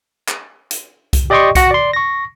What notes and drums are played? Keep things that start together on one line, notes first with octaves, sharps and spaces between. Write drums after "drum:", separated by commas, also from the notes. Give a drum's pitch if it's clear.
drum: clap
drum: hi-hat
drum: kick C2, hi-hat
G4 D5 D#5 G5 C6 C#6
F#4 A#6 C#7, drum: kick C2, hi-hat
D5 C6
C#6 A#6